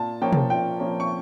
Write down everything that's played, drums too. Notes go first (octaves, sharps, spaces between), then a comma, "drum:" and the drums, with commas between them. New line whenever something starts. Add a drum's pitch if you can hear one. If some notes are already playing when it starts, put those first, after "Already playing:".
Already playing: A#2 A5
F3 A#3 C#4 G5
drum: tom
A#2 G5
F3 A#3 C#4
C#6